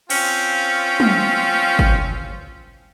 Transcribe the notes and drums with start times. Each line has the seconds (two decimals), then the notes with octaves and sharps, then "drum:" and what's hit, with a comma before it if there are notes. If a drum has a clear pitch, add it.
0.10 C4 C#4 F4, drum: cymbal
1.00 drum: tom
1.79 drum: kick G1